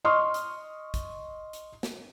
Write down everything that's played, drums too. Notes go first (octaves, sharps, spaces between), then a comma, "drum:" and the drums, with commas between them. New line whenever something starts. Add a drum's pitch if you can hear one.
D#5 C6 C#6 D#6 F6
drum: hi-hat
drum: kick A#1, hi-hat
drum: hi-hat
drum: snare